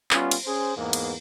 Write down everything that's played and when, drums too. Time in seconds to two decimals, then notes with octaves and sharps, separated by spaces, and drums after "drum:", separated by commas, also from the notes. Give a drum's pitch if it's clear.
0.11 G3 B3 C#4 F4, drum: clap
0.31 drum: cymbal
0.45 C#4 G#4 C5
0.76 E2 G#2 A#3 B3
0.93 drum: cymbal